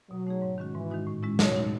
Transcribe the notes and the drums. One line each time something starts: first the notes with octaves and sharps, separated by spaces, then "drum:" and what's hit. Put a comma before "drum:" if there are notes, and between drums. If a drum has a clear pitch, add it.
B2 F#3
A3 D#4 G#4
G#2
D#3 G#3 C#4 F#4
G#2 E3
D#3 G#3 D#4 F#4
A2
G#3 C#4 E4
B2 F#3, drum: snare
A3 D#4